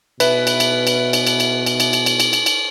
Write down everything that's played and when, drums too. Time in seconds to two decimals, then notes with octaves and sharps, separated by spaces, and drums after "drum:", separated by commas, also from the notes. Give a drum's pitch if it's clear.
0.20 B2 B4 E5, drum: cymbal
0.47 drum: cymbal
0.60 drum: cymbal
0.87 drum: cymbal
1.13 drum: cymbal
1.27 drum: cymbal
1.40 drum: cymbal
1.66 drum: cymbal
1.80 drum: cymbal
1.93 drum: cymbal
2.06 drum: cymbal
2.20 drum: cymbal
2.33 drum: cymbal
2.46 drum: cymbal